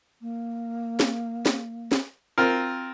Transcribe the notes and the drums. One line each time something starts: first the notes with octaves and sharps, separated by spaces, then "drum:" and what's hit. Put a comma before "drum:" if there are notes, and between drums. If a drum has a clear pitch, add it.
A#3
drum: snare
drum: snare
drum: snare
C4 F4 A#4